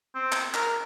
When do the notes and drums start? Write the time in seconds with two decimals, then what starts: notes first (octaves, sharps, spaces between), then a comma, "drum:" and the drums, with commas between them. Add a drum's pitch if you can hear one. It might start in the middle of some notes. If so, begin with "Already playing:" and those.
0.15 C4
0.32 drum: clap
0.54 A#4, drum: clap